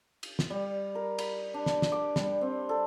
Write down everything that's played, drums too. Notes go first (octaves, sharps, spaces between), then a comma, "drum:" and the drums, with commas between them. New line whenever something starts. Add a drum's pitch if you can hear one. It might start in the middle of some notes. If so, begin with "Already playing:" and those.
drum: cymbal
drum: snare
G3
A#4
B5, drum: cymbal
D4
drum: snare
drum: snare
D6
G3, drum: snare
C4
A4